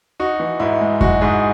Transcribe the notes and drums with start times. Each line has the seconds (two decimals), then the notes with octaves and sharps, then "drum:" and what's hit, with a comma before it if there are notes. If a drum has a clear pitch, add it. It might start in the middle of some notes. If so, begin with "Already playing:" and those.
0.20 D#4 F#4
0.40 E3
0.60 G#2 E4
0.81 G#3
1.01 G#3 F#4, drum: kick F2
1.21 G#2 G#4